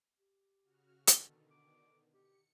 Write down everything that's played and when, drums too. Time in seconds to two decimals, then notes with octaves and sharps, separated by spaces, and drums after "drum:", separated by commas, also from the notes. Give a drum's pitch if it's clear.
0.18 G4
0.63 C#3 F#4 F6
1.07 B2 D3 D#3 A4, drum: hi-hat
1.50 D6
2.14 G4 C#7